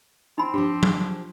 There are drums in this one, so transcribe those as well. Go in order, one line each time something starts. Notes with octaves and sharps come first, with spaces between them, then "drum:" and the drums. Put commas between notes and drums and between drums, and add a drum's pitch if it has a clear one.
C4 D#4 B5
F3 D4 G4
drum: tom F#3